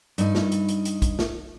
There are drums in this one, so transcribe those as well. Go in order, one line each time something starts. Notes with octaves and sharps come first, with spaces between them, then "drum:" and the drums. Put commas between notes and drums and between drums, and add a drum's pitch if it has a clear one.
G2 D#4, drum: hi-hat
drum: snare
drum: hi-hat
drum: hi-hat
drum: hi-hat
drum: kick, hi-hat
drum: snare